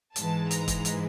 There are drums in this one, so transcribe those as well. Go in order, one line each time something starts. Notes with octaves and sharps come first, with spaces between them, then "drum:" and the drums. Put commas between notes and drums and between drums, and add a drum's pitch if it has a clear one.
G#2 E3 G#3 A5, drum: hi-hat
A#5, drum: hi-hat
drum: kick, hi-hat
drum: hi-hat